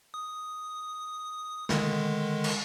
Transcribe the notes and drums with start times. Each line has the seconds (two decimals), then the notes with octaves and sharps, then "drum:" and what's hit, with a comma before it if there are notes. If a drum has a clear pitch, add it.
0.14 D#6
1.69 D3 D#3 G#3, drum: snare
2.44 drum: cymbal